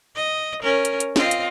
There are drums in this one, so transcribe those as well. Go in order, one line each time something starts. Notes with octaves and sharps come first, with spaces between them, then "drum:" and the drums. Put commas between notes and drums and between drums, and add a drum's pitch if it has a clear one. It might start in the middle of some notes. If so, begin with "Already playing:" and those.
D#5
C#4 A#4
drum: hi-hat
drum: hi-hat
C4 F4 D#5, drum: snare
drum: hi-hat